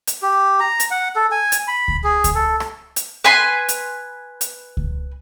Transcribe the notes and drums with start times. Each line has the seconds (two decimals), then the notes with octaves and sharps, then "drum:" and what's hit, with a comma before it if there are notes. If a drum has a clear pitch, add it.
0.07 drum: hi-hat
0.22 G4
0.60 A#5
0.80 drum: hi-hat
0.91 F#5
1.16 A4
1.32 G#5
1.52 drum: hi-hat
1.68 B5
1.88 drum: kick C#2
2.04 G#4
2.24 drum: kick C#2, hi-hat
2.35 A4
2.60 drum: rim click
2.96 drum: hi-hat
3.24 B4 G#5 B5 C6
3.69 drum: hi-hat
4.41 drum: hi-hat
4.77 drum: kick C#2